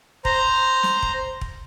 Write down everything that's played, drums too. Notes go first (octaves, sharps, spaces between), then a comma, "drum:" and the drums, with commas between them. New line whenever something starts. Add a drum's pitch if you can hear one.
C5 A#5, drum: kick
drum: snare
drum: kick
drum: kick